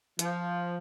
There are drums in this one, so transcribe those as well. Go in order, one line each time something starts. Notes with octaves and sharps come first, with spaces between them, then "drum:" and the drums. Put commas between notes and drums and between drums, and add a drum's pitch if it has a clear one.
F3, drum: hi-hat